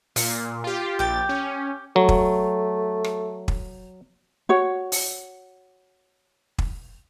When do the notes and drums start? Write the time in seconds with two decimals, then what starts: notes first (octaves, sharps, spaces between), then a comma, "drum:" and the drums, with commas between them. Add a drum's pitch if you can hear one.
0.16 A#2 F5, drum: open hi-hat
0.64 F4 G4
0.99 A#1 G4 G5 A6
1.29 C#4
1.96 F#3 A3
2.09 drum: kick
3.04 drum: rim click
3.48 drum: kick
4.49 F#4 C#5
4.92 drum: open hi-hat
6.58 drum: kick